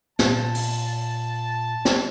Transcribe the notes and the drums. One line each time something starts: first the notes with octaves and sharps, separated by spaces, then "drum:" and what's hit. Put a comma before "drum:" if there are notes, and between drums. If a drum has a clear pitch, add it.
A#2 A5, drum: snare
drum: open hi-hat
drum: snare